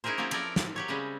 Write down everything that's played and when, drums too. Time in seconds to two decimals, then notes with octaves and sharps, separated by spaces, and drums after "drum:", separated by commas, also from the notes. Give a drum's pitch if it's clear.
0.04 C#4 D#4 E4 G#4 A#4 C5
0.18 F#3 A#3 C4 C#4 E4 F4
0.31 F3 E4 A4 A#4 D5, drum: cymbal
0.56 drum: snare
0.76 F#3 G4 C#5
0.88 C#3 G3 G#3 C4 C#4